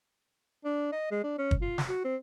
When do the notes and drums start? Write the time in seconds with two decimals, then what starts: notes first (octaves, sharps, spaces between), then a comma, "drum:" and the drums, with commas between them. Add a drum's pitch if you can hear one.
0.65 D4
0.92 D#5
1.11 G#3
1.24 D4
1.39 C#4
1.51 drum: kick
1.62 F4
1.78 drum: snare
1.89 F#4
2.05 C4